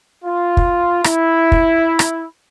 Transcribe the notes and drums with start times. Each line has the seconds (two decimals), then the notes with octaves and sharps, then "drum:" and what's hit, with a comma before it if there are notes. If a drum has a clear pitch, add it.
0.25 F4
0.57 drum: kick
1.04 E4, drum: rim click
1.52 drum: kick
1.99 drum: rim click